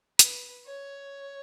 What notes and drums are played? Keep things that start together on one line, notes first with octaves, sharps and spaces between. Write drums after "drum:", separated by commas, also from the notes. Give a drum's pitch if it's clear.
B4, drum: hi-hat
C#5